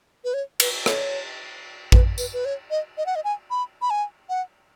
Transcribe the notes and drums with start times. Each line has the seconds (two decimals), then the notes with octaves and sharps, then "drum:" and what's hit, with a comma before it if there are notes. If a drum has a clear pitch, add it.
0.24 B4
0.34 C#5
0.60 B4, drum: cymbal
0.86 C#5, drum: rim click
1.92 B4, drum: kick
2.18 B4, drum: tambourine
2.33 B4
2.45 C#5
2.70 D#5
2.97 D#5
3.06 F#5
3.15 D#5
3.24 G#5
3.50 B5
3.81 B5
3.90 G#5
4.29 F#5